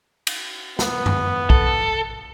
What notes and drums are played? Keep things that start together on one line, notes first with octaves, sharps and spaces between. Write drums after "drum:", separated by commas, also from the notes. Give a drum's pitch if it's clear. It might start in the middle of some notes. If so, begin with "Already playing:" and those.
drum: cymbal
B3, drum: snare
drum: tom F#2
A4, drum: kick